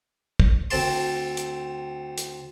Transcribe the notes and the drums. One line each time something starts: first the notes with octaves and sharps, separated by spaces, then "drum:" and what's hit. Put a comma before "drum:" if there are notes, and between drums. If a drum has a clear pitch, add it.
drum: kick
D2 C4 A5 C6, drum: open hi-hat
drum: hi-hat
drum: hi-hat